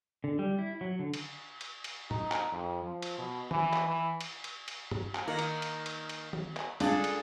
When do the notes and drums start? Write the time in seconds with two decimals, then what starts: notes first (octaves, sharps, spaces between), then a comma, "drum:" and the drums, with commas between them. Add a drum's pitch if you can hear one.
0.24 D3
0.39 G3
0.59 E4
0.81 F#3
0.99 D3
1.14 drum: cymbal
1.61 drum: cymbal
1.84 drum: cymbal
2.11 D#4, drum: tom A2
2.32 drum: clap
2.52 F2
2.83 F3
3.02 drum: cymbal
3.18 B2
3.51 E3, drum: tom
3.73 drum: clap
3.88 E3
4.21 drum: cymbal
4.44 drum: cymbal
4.68 drum: cymbal
4.91 drum: tom
5.15 drum: clap
5.28 D#3 A#3 A#4 F#5
5.39 drum: cymbal
5.62 drum: cymbal
5.86 drum: cymbal
6.09 drum: cymbal
6.33 drum: tom
6.57 drum: clap
6.80 C#2 D4 G#4 A4 F5 A6, drum: cymbal
7.04 drum: cymbal